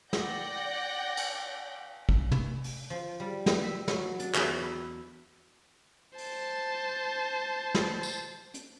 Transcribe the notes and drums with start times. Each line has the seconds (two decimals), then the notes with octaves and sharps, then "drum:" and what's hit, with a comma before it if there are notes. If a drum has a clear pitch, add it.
0.13 D5 F#5 G5 G6 A#6, drum: snare
1.17 drum: cymbal
2.09 drum: kick
2.31 drum: tom
2.64 drum: open hi-hat
2.90 F3
3.20 G3
3.46 drum: snare
3.63 E5
3.88 F#3, drum: snare
4.20 D4, drum: hi-hat
4.35 E2, drum: clap
4.61 E4
6.18 C5 A5, drum: open hi-hat
7.75 drum: snare
8.03 drum: tambourine
8.54 drum: hi-hat